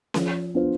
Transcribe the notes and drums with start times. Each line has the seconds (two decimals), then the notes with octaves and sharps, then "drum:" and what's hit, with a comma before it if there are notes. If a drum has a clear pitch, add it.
0.14 F3, drum: snare C#4
0.55 B3 D4 F4 C5